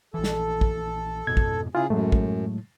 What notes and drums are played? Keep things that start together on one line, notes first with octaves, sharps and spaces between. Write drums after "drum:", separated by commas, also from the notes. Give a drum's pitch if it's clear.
A#1 E3 A4
drum: snare
drum: kick
F2 G#2 B2 G#6
drum: kick
C#3 E4 F4 G#4
F#2 A2 F#3 G#3 A3
drum: kick